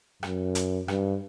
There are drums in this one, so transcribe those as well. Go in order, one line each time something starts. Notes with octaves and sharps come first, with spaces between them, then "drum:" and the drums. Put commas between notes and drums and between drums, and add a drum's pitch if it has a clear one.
F#2, drum: rim click
drum: hi-hat
G2, drum: rim click